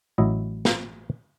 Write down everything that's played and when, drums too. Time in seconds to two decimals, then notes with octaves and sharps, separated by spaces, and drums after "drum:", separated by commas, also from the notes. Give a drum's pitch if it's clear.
0.18 A1 F#3 E4 D#5
0.65 drum: snare